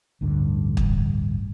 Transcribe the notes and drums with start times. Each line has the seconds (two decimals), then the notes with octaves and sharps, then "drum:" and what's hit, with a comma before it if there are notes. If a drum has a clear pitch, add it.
0.21 A1 D2 G2 D3
0.77 drum: kick